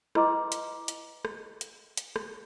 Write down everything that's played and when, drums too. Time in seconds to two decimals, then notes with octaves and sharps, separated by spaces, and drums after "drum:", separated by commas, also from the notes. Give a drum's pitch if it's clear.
0.15 E4 B4 D#5 A#5 C6 D6, drum: rim click
0.52 drum: hi-hat
0.88 drum: hi-hat
1.25 drum: rim click
1.61 drum: hi-hat
1.97 drum: hi-hat
2.16 drum: rim click